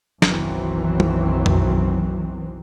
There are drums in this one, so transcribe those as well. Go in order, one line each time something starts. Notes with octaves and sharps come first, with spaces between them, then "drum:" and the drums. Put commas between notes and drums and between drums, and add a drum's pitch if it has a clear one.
F#1 B1 D#3 E3 F#3 C4, drum: snare
drum: tom
drum: tom F2